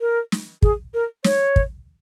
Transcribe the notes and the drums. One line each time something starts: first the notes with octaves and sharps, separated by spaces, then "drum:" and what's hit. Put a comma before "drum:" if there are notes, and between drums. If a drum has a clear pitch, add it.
A#4
drum: snare
G#4, drum: kick
A#4
C#5, drum: snare
drum: kick